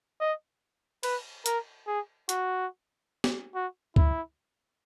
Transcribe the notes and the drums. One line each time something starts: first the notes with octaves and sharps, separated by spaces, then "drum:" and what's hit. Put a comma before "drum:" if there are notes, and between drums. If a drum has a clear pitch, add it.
D#5
B4, drum: cymbal
A#4, drum: hi-hat
G#4
F#4, drum: hi-hat
drum: snare
F#4
E4, drum: kick C#2